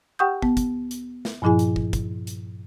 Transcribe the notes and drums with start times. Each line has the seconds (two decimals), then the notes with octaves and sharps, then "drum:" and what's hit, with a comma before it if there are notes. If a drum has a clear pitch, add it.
0.19 G4 F#5 G5 C#6 D#6 G6
0.42 B3, drum: kick
0.57 drum: kick, hi-hat
0.91 drum: hi-hat
1.25 drum: snare
1.42 G2 A#2 F3 E4 G#4 G#5
1.59 drum: hi-hat
1.76 drum: kick
1.93 drum: kick, hi-hat
2.27 drum: hi-hat